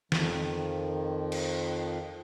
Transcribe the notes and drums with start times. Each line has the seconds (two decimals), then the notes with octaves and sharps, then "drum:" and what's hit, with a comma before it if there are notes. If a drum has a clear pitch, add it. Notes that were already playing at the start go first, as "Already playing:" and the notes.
0.12 F2 D#3 F3, drum: snare
1.32 drum: cymbal